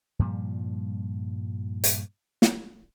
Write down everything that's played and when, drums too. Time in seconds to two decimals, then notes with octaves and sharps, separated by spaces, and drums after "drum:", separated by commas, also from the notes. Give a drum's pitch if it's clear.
0.19 G2 A#2 F3 G3
1.84 drum: hi-hat
2.42 drum: snare